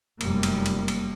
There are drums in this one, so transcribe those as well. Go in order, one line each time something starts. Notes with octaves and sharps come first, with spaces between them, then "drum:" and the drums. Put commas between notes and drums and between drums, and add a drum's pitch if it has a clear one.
F1 F#2 G3 A#3, drum: cymbal
drum: cymbal
drum: cymbal
drum: cymbal